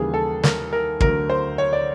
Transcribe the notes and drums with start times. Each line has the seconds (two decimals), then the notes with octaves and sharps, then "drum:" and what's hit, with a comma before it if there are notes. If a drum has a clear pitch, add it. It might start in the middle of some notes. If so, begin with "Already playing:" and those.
Already playing: D#2 C#3 E3 G3 A#3 G#4
0.14 A4
0.44 A#4, drum: snare
0.73 A#4
1.00 D2 D3 F#3 A#4, drum: kick
1.30 C5
1.58 C#5
1.73 D5